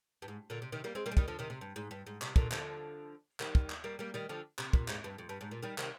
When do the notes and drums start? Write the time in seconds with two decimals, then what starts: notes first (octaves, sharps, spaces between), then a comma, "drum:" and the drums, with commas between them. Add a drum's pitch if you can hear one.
0.22 G2
0.28 G#2
0.50 A#2 D3
0.62 C3
0.72 C3 D#3
0.84 G3 A#3
0.95 G#3 C4
1.06 G3 A#3
1.12 G#3
1.17 D#3 G3, drum: kick
1.28 D3 F3
1.39 C3 D#3
1.50 C3
1.61 G2
1.76 G#2
1.91 G2
2.07 G#2
2.21 C3, drum: clap
2.36 A#2 D3, drum: kick
2.51 D3 F3, drum: clap
3.40 D#3 G3, drum: clap
3.55 drum: kick
3.70 drum: clap
3.84 G3 A#3
3.99 G3 A#3
4.14 D#3 G3
4.29 D3 F3
4.59 C3, drum: clap
4.73 A#2, drum: kick
4.88 G#2, drum: clap
5.04 G2
5.18 F2
5.29 G2
5.41 G#2
5.51 A#2
5.63 D#3 G3
5.78 C3 D#3, drum: clap